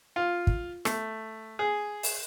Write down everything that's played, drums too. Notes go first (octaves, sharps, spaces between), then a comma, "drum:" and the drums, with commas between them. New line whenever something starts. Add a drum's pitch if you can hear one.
F4
drum: kick
A3, drum: rim click
G#4
drum: open hi-hat